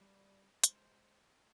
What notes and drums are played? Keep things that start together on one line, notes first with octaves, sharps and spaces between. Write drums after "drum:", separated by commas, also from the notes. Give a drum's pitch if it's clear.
G3 D5
G#3 C5, drum: hi-hat